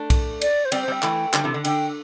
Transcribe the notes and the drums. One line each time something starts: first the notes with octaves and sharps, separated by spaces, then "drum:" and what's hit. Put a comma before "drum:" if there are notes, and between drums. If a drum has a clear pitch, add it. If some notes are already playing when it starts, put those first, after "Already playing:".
Already playing: A3 D4
drum: kick B1, cymbal
D5, drum: cymbal
C5
G3 C4 D5, drum: cymbal
C5
G3 C4 G5
E3 A3, drum: clap
D3 G3, drum: clap
C3 E3
D3
D3 G5, drum: cymbal